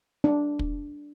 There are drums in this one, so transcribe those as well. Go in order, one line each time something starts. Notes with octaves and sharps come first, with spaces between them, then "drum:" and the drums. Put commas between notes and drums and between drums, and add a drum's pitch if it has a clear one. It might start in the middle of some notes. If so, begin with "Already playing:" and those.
D4
drum: kick